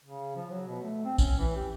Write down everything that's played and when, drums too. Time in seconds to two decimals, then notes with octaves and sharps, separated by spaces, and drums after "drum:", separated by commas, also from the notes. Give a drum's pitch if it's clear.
0.04 C#3
0.36 F3
0.50 F#3
0.67 B2
0.82 A3
1.05 C4
1.18 C#4, drum: kick A1, tambourine
1.38 E3
1.55 G4